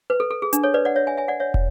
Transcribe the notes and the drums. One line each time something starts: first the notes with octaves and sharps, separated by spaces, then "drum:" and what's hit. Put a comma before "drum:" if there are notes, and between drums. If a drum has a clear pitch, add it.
B4
A4
A4
G#4
D4, drum: hi-hat
A4 C#5
B4 D5
D5 F#5
C#5 E5
E5 G#5
E5 G#5
D5 F#5
C#5 E5
drum: kick